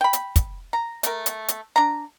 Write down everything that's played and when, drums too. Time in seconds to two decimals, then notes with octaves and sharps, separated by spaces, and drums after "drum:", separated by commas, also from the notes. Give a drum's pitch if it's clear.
0.01 G5 B5
0.13 drum: hi-hat
0.36 drum: kick, hi-hat
0.73 A#5
1.03 A3 A#4, drum: hi-hat
1.26 drum: hi-hat
1.48 drum: hi-hat
1.76 D4 A#5